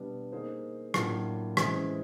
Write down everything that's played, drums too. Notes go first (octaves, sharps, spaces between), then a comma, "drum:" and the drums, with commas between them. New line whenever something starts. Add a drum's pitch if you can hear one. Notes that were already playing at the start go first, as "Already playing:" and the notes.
Already playing: B2 G3 B3 D4
A#3 D#4 G#4 C5
A2 F#3 A#3 D4 F4, drum: rim click
C#3 E3 G#3 C4 E4, drum: rim click